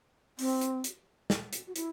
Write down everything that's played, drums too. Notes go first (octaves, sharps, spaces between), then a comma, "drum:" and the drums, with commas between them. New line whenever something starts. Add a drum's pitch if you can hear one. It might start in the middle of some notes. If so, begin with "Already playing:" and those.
C4, drum: open hi-hat
drum: hi-hat
drum: hi-hat
drum: snare
drum: hi-hat
F#4
E4, drum: hi-hat